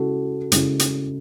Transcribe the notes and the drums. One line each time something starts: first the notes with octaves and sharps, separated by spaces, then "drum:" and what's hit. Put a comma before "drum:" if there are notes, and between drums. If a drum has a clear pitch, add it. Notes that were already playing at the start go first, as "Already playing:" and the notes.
Already playing: C#3 G#3 C#4 E4 F#4 A4
C#3 G#3 C#4 E4, drum: hi-hat
drum: hi-hat